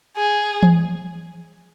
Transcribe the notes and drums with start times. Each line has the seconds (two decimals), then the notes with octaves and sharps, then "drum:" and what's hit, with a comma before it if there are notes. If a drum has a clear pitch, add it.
0.17 G#4
0.63 drum: tom E3